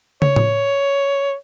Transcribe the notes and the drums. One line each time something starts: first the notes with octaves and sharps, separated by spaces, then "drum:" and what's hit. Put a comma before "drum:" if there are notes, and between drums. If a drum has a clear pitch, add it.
C#5, drum: tom
drum: tom A2